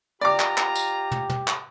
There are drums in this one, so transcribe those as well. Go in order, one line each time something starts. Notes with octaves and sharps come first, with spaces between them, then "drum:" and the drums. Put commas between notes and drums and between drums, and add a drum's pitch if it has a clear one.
F4 G4 D5 A#5 D6
drum: clap
drum: clap
drum: tambourine
drum: tom
drum: tom
drum: clap